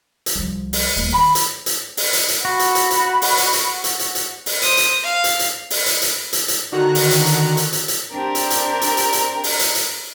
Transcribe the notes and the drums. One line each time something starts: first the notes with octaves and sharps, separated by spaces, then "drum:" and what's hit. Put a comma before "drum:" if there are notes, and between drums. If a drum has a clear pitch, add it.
drum: hi-hat
C2 F3
drum: open hi-hat
D#1 A#3
D#3 B5
drum: hi-hat
drum: hi-hat
drum: open hi-hat
drum: hi-hat
drum: hi-hat
F#4 F#5 B5
drum: hi-hat
drum: hi-hat
drum: hi-hat
drum: open hi-hat
drum: hi-hat
drum: hi-hat
drum: hi-hat
drum: hi-hat
drum: hi-hat
drum: open hi-hat
C5 D#6, drum: hi-hat
drum: hi-hat
F5
drum: hi-hat
drum: hi-hat
drum: open hi-hat
drum: hi-hat
drum: hi-hat
drum: hi-hat
drum: hi-hat
D3 D#3 F#4 A#5 F#6
drum: open hi-hat
drum: hi-hat
drum: hi-hat
drum: hi-hat
drum: hi-hat
drum: hi-hat
C4 D4 G4 A#4
drum: hi-hat
drum: hi-hat
drum: hi-hat
drum: hi-hat
drum: hi-hat
drum: open hi-hat
drum: hi-hat
drum: hi-hat